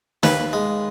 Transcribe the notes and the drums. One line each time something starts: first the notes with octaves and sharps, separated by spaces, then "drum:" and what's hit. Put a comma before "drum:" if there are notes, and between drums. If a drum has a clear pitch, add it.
D#2 B4, drum: snare
G#3